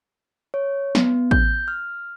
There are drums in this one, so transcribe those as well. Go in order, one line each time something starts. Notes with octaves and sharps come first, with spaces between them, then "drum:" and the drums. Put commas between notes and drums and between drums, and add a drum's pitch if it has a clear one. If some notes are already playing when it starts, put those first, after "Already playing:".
C#5
B3, drum: snare
G6, drum: kick A1
F6